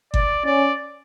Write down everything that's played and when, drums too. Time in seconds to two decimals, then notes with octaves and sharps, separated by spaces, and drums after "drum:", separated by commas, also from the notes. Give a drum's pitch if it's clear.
0.14 D5, drum: kick G1
0.45 C#4 D5